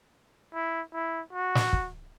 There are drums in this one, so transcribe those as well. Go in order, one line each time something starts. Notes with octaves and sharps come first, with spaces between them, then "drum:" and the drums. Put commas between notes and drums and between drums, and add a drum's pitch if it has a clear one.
E4
E4
F#4
drum: snare
drum: kick